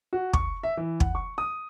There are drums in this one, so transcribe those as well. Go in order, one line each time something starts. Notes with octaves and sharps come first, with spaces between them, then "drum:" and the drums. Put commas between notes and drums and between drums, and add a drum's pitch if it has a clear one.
F#4
C#6, drum: kick
E5
E3
F#5, drum: kick
C#6
D#6